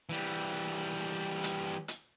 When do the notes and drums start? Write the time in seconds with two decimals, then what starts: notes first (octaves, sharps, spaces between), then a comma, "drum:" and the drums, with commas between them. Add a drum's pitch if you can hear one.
0.09 E3 G3
1.44 drum: hi-hat
1.88 drum: hi-hat